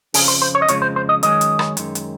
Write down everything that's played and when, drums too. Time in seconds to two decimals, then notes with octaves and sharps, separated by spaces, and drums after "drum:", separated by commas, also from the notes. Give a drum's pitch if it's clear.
0.14 F2 C#3 F3 G#4, drum: open hi-hat
0.28 C5
0.42 C5
0.55 C#5
0.62 D#5
0.68 F2 C#3 F3 G#3 C#5, drum: hi-hat
0.82 C5
0.96 C5
1.09 D#5
1.23 F#2 D#3 G#3 C#4 D#5, drum: hi-hat
1.41 drum: hi-hat
1.59 drum: rim click
1.77 F#2 D#3 G#3, drum: hi-hat
1.95 drum: hi-hat